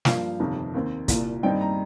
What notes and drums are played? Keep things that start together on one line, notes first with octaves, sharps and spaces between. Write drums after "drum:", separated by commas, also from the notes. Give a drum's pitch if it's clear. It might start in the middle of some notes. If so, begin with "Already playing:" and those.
G2 F3 A#3 F5, drum: snare
G1 F2 C3 D#3
D#2 D#3 C4
C2 A#2 A#3 F4, drum: kick, hi-hat
G2 D#3 G3 C4 D#4 G5
A#5